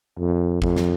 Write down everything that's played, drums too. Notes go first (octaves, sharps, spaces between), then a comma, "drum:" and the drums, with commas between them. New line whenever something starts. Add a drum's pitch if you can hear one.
F2
F2, drum: kick
drum: snare